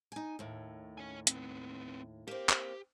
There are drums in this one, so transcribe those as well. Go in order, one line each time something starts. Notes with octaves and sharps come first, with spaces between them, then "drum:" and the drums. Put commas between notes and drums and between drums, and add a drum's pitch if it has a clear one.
D#4 G#5
D#2 A2
C#5 G#5
B3 C4, drum: hi-hat
A#3 C4 G4
drum: clap